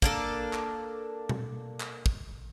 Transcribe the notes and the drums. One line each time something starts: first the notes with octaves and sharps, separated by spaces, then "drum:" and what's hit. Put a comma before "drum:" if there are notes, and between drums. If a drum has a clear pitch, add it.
A#3 D4 A4, drum: kick
drum: clap
drum: tom B2
drum: clap
drum: kick